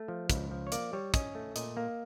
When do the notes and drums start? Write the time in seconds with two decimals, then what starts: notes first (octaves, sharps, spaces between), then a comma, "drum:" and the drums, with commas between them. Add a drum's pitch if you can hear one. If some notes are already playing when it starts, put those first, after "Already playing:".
Already playing: A3
0.08 F3
0.30 C#2, drum: kick, hi-hat
0.51 F3
0.67 C#5
0.72 A#3 D5, drum: hi-hat
0.93 G3 C#5
1.14 C#4 D#5, drum: kick, hi-hat
1.35 A3
1.56 A#2 D#5, drum: hi-hat
1.77 A#3